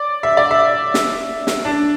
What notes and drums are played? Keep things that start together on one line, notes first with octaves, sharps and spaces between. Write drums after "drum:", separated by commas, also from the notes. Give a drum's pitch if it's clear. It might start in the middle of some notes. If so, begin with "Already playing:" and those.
Already playing: D5
E5
D5
E5
drum: snare
drum: snare
D4